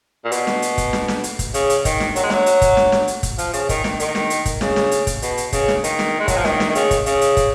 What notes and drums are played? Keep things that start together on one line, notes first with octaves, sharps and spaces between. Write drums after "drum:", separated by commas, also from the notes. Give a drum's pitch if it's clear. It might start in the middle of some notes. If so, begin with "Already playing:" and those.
A#2
B2, drum: hi-hat
drum: snare
drum: hi-hat
drum: kick, hi-hat
drum: snare
drum: snare
drum: hi-hat
drum: kick, hi-hat
C#3, drum: hi-hat
drum: hi-hat
D#3, drum: kick, hi-hat
drum: snare
F#3, drum: hi-hat
G#3
F#3, drum: snare
drum: hi-hat
drum: kick, hi-hat
drum: snare
drum: snare
drum: hi-hat
drum: kick, hi-hat
F3, drum: hi-hat
C#3, drum: hi-hat
D#3, drum: kick, hi-hat
D#3, drum: snare
D#3, drum: hi-hat
drum: snare
drum: hi-hat
drum: kick, hi-hat
C#3, drum: snare
drum: snare
drum: hi-hat
drum: kick, hi-hat
B2, drum: hi-hat
drum: hi-hat
C#3, drum: kick, hi-hat
drum: snare
D#3, drum: hi-hat
drum: snare
G#3
F#3, drum: kick, hi-hat
F3
D#3, drum: snare
drum: snare
D#3
C#3, drum: hi-hat
drum: kick, hi-hat
C#3, drum: hi-hat
drum: hi-hat
drum: kick, hi-hat